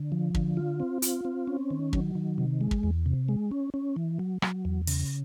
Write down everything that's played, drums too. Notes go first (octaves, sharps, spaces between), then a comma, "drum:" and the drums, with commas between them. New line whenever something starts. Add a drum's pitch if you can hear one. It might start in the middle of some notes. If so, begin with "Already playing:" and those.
Already playing: D3
F3
D3, drum: kick
F4
C4
F4, drum: hi-hat
C4
C#4
D#3
F#3, drum: kick
D#3
C3
G#3
drum: kick
E2
C3
G#3
C#4
C#4
E3
F#3
F#3, drum: rim click
E2
C#3, drum: open hi-hat